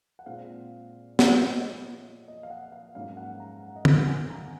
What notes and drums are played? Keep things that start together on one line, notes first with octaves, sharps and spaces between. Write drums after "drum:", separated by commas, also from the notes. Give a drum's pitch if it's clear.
F#5
A#2 G#3 C4 F5
drum: snare
D#5
C#5
D#5
F5
F#5
F5
G#2 F#3 A#3 C#4 F5
F#5
A#5
F#5
D#5
F5, drum: tom
F#5
G#5
A#5